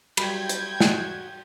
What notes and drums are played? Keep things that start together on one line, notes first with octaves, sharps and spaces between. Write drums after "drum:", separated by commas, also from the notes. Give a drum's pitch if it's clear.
F#3 G3 G5 B5 G6 G#6, drum: cymbal
drum: hi-hat
F#4, drum: snare